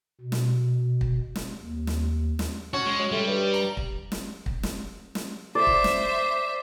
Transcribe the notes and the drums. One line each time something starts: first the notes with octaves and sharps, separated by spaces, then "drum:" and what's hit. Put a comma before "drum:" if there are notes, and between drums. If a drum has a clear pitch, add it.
B2
drum: snare
drum: kick
drum: snare
D#2
drum: snare
drum: snare
C#4 F#4
G#3
F#3
G3 A3
G2
A#5
drum: kick
drum: snare
drum: kick
drum: snare
drum: snare
C5 D5 E5
drum: kick
drum: snare